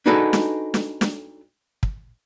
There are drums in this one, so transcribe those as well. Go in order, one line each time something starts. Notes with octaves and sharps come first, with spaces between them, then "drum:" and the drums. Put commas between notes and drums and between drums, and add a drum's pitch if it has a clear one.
D4 D#4 F#4 G#4 A4 B4
drum: snare
drum: snare
drum: snare
drum: kick